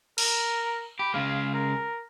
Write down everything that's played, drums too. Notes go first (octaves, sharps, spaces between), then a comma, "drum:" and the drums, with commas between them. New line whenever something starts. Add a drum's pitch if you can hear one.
A#4, drum: cymbal
G4 B5
C#3 G#3 F5
A#4